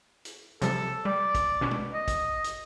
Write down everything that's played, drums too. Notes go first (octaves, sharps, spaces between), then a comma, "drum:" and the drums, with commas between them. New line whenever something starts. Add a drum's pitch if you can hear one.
drum: hi-hat
C3 F3 G3 A4, drum: hi-hat
G3 D5
drum: kick, hi-hat
B2 C#4 F#4
drum: tom G#3
D#5
drum: kick, hi-hat
drum: hi-hat